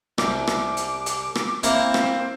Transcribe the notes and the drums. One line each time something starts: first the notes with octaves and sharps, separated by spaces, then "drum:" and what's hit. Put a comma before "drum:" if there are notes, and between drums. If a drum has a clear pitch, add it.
C2 D6, drum: rim click
drum: rim click
drum: hi-hat
drum: hi-hat
drum: rim click
A#3 C4 E4, drum: hi-hat
drum: rim click